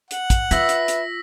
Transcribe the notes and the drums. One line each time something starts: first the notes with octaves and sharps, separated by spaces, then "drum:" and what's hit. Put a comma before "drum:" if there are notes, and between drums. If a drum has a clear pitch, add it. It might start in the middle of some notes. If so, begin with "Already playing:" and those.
F#5, drum: hi-hat
drum: kick, hi-hat
F4 B4 E5 E6 A#6 B6, drum: hi-hat
drum: hi-hat
drum: hi-hat